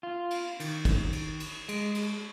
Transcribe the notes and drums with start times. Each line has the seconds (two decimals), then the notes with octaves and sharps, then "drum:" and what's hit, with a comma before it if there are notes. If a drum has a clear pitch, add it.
0.03 F4
0.31 drum: cymbal
0.60 D#3, drum: cymbal
0.85 drum: kick, cymbal
1.13 drum: cymbal
1.40 drum: cymbal
1.69 G#3, drum: cymbal
1.95 drum: cymbal